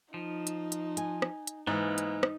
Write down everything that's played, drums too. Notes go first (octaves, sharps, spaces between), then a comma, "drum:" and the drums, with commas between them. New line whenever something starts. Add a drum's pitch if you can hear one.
F3 D#4
drum: hi-hat
drum: hi-hat
G#5, drum: hi-hat
drum: rim click
drum: hi-hat
G#2 E3 A#3 B3 D#4
drum: hi-hat
drum: rim click